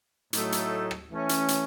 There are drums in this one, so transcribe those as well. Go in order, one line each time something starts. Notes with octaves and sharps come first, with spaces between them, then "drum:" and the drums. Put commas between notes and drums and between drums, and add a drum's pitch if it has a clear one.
A2 F#3 A3 D#4 A4, drum: hi-hat
drum: hi-hat
drum: rim click
E3 A3 C#4
drum: hi-hat
drum: hi-hat